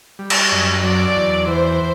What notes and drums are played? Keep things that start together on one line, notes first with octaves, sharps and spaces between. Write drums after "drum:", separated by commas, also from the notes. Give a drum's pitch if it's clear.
G3
drum: cymbal
F#2
F#3 D5
E2
E3 C5